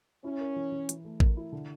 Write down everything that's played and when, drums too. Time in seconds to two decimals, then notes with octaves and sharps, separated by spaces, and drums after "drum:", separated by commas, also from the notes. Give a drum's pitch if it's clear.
0.24 C#4 E4
0.41 A#4
0.56 E3
0.72 E3
0.89 E3, drum: hi-hat
1.05 A3
1.20 A#4, drum: kick A1
1.37 E4
1.52 D3